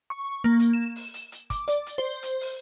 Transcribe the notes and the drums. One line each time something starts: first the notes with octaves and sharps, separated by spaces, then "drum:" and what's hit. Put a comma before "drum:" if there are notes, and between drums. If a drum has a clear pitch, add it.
C#6
A#3
drum: hi-hat
E7
drum: open hi-hat
drum: hi-hat
drum: hi-hat
D6, drum: kick, hi-hat
D5, drum: hi-hat
drum: hi-hat
C5
drum: hi-hat
drum: open hi-hat